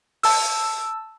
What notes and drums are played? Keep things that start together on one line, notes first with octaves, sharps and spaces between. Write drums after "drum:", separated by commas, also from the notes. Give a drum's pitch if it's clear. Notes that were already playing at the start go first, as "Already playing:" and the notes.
A5 E6, drum: open hi-hat